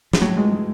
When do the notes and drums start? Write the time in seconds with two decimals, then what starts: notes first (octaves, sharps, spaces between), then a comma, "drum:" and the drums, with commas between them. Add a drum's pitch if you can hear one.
0.13 F3, drum: snare
0.21 A2 F#3
0.37 G#3
0.52 G#3